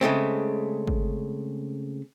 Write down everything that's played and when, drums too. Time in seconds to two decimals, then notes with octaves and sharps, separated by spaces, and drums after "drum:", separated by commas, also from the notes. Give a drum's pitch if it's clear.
0.01 C#3 G#3 A3 C4
0.88 drum: kick